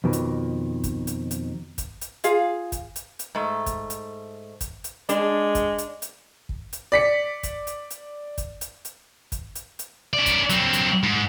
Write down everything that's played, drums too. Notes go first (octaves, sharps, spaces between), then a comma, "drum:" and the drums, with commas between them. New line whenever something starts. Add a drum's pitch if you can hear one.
F2 B2 D#3
drum: hi-hat
drum: kick, hi-hat
drum: hi-hat
drum: hi-hat
drum: kick, hi-hat
drum: hi-hat
F4 G#4 F5, drum: hi-hat
drum: kick, hi-hat
drum: hi-hat
drum: hi-hat
G#2 A3
drum: kick, hi-hat
drum: hi-hat
drum: kick, hi-hat
drum: hi-hat
G#3 D4, drum: hi-hat
drum: kick, hi-hat
drum: hi-hat
drum: hi-hat
drum: kick
drum: hi-hat
D5 B6 C#7
drum: kick, hi-hat
drum: hi-hat
drum: hi-hat
drum: kick, hi-hat
drum: hi-hat
drum: hi-hat
drum: kick, hi-hat
drum: hi-hat
drum: hi-hat
C#4 D5
drum: kick, hi-hat
F#3 C4, drum: hi-hat
drum: hi-hat
G#2